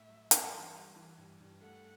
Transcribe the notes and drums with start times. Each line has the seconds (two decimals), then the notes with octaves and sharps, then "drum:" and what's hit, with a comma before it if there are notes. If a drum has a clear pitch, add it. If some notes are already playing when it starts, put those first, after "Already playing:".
Already playing: A2 E5
0.09 F#3
0.31 G2, drum: hi-hat
0.52 E3
0.74 G3
0.96 E3
1.18 G2
1.40 G2
1.61 A3 F#5